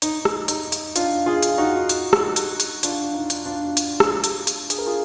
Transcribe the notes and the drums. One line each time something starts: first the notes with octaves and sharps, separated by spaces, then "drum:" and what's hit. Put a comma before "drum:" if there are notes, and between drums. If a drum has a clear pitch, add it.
D#4, drum: hi-hat
drum: rim click
D#4, drum: hi-hat
drum: hi-hat
D4 F4, drum: hi-hat
F4 G#4
drum: hi-hat
D#4 F#4
drum: hi-hat
drum: rim click
drum: hi-hat
drum: hi-hat
D4 F4, drum: hi-hat
D#4
drum: hi-hat
D4 F4
drum: hi-hat
drum: rim click
drum: hi-hat
drum: hi-hat
G#4, drum: hi-hat
A#4
F4 G#4